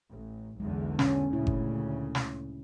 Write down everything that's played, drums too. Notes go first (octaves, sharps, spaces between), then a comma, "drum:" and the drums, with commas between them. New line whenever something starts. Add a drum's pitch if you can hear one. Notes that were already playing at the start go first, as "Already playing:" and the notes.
A1
B1 E2 D3 G#3
C#4, drum: snare
D2 A#2 C#3 E4
drum: kick G1
drum: snare